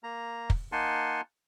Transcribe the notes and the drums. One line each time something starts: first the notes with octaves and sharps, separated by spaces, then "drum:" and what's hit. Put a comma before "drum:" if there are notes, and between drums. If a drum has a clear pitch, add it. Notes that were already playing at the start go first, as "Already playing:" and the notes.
A#3 A#5
drum: kick
A#3 D#4 F#5 G#5 A5 C6